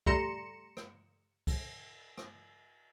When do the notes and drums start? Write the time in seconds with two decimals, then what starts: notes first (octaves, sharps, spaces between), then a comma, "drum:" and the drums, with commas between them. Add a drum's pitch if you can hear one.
0.06 G3 A3 A#5 C6 C#7 E7, drum: kick
0.77 drum: rim click
1.47 drum: kick, cymbal
2.18 drum: rim click